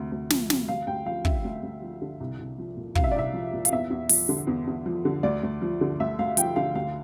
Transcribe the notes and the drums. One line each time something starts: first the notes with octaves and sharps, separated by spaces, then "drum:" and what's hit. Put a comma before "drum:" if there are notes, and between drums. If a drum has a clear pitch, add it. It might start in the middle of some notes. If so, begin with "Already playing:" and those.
Already playing: D2 C3
D2
F3, drum: snare
C3, drum: snare
D2 F5
D2 G5
F3 F5
D3 E5, drum: kick
D2
D2
F3
D3
C2
C2
F3
A#2
C2 F5, drum: kick
E5
D5
C2 E5
F3
A#2
F5, drum: hi-hat
E2 E5
E2
F3, drum: open hi-hat
D3
E2
E2
F3
D3
D2 D5
D2
F3
D3
D2 E5
D2 F5
F3 G5, drum: hi-hat
D3 F5
D2 F5